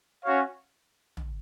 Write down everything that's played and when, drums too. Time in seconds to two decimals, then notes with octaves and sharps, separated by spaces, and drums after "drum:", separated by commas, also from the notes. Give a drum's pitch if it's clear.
0.25 C#4 F#4 C#5 F5
1.17 drum: tom